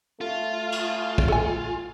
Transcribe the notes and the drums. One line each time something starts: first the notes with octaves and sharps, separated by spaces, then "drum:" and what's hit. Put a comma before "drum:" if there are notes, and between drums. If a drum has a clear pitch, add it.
A3 F4
drum: cymbal
drum: kick
A4 G#5